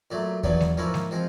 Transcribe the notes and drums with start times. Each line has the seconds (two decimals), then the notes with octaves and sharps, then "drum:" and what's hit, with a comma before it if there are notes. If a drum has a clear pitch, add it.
0.11 A#2 F#3 A3
0.43 E2 C#3 F#3 B3 D4, drum: kick E2
0.60 drum: snare G#3
0.77 G#2 F3 A#3 C#4 E4
0.94 drum: snare G#3
1.11 F3 G#3 C4